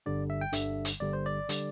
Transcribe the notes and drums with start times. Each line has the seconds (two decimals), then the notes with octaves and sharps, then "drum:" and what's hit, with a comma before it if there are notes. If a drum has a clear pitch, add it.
0.06 G1 G2 D3 G3 D5
0.30 E5
0.41 G5
0.53 G1 G2 D3 G3 E5, drum: hi-hat
0.85 drum: hi-hat
1.00 G1 G2 D3 G3 D5
1.13 C5
1.26 D5
1.49 D3 G3, drum: hi-hat